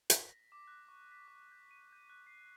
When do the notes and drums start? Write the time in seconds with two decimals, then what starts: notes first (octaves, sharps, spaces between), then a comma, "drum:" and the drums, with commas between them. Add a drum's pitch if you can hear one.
0.10 B6, drum: hi-hat
0.29 A#6
0.52 D6
0.67 F#6
0.88 C#6
1.12 B6
1.28 D6
1.52 G6
1.71 D#7
1.92 G6
2.10 F#6
2.27 C7